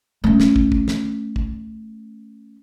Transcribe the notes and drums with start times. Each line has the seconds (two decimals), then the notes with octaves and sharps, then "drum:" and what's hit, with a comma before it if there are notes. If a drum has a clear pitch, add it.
0.24 A3 C#4
0.40 drum: snare
0.56 drum: kick
0.72 drum: kick
0.88 drum: snare
1.36 drum: kick